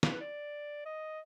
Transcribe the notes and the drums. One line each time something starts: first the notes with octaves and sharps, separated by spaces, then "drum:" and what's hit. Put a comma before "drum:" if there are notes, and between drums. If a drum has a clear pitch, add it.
drum: snare
B4
D5
D#5